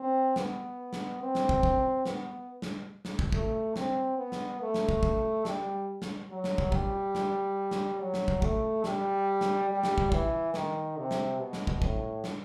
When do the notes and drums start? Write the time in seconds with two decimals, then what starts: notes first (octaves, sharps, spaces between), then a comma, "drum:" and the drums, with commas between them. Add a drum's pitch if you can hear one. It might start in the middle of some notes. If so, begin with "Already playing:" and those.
Already playing: C4
0.36 B3, drum: snare
0.93 drum: snare
1.21 C4
1.35 drum: snare
1.49 drum: kick
1.63 drum: kick
2.06 B3, drum: snare
2.62 drum: snare
3.05 drum: snare
3.19 drum: kick
3.32 A3, drum: kick
3.76 C4, drum: snare
4.18 B3
4.32 drum: snare
4.60 A3
4.74 drum: snare
4.89 drum: kick
5.03 drum: kick
5.45 G3, drum: snare
6.02 drum: snare
6.30 F#3
6.44 drum: snare
6.58 drum: kick
6.72 G3, drum: kick
7.15 drum: snare
7.71 drum: snare
7.99 F#3
8.14 drum: snare
8.28 drum: kick
8.42 A3, drum: kick
8.84 G3, drum: snare
9.41 drum: snare
9.69 G3
9.84 drum: snare
9.98 drum: kick
10.12 E3, drum: kick
10.54 D#3, drum: snare
10.97 C3
11.11 drum: snare
11.39 B2
11.53 drum: snare
11.67 drum: kick
11.82 A2, drum: kick
12.24 drum: snare